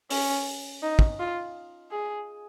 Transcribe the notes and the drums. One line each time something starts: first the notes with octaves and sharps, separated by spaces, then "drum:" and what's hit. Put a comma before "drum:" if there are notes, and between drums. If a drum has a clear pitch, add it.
C#4, drum: open hi-hat
D#4
drum: kick
F4
G#4